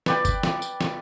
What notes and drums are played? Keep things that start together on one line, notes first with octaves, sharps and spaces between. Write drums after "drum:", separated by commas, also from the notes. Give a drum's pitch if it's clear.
B4 D5 G5, drum: snare
drum: kick F#1, tambourine
drum: snare
drum: tambourine
drum: snare